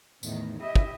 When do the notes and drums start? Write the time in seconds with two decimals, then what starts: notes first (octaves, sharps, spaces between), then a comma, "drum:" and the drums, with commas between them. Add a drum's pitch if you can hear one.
0.23 E2 A2 D#3 D#4, drum: tambourine
0.60 E4 G4 D#5 E5
0.76 drum: kick